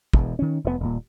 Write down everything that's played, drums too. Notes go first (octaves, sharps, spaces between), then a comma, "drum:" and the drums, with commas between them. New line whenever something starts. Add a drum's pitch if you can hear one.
E1 E2, drum: kick
D#3 C#4
F1 F2 B2 B3
D#1 A#2